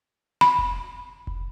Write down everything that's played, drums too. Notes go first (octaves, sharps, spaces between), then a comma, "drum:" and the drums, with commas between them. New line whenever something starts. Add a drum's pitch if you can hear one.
B5
drum: kick F1
drum: kick F1